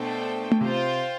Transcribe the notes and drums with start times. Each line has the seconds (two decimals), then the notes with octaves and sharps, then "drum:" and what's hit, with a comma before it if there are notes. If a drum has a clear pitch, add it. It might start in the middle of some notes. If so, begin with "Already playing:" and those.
Already playing: B2 A3 D4 A4 C5 G5
0.51 drum: tom A3
0.61 C3 F4 C5 G5